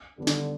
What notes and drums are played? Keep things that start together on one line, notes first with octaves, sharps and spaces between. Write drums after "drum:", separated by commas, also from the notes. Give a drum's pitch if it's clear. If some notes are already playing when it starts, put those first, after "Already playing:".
D3 D#3 G3 B3 D4 G4
drum: snare